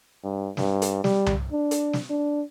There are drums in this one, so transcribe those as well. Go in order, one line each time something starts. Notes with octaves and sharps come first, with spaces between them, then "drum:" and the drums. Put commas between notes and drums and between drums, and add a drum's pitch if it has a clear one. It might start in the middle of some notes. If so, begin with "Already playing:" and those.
G2
G2, drum: snare
drum: hi-hat
G3, drum: snare
drum: tom C2
D4
drum: hi-hat
drum: snare
D4